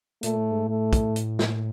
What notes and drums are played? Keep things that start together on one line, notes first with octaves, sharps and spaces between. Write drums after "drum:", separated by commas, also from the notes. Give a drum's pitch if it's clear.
A#2 A3, drum: hi-hat
A2
G#2
A2
A3
drum: kick, hi-hat
drum: hi-hat
drum: snare